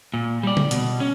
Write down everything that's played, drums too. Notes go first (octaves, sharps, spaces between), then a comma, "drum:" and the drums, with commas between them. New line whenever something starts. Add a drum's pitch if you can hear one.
A#2
G3 D5
drum: tom C#3
B2, drum: hi-hat
C#4